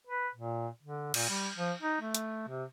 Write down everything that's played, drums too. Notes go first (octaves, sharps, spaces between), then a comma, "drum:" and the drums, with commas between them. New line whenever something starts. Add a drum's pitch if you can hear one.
B4
A#2
D3
A#2, drum: cymbal
G3
F3
D#4
A3
drum: hi-hat
C3